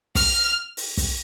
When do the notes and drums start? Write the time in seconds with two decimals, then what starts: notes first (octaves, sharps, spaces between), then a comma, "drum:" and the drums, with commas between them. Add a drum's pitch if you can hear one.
0.15 F6, drum: kick, open hi-hat
0.77 drum: open hi-hat
0.97 drum: kick, open hi-hat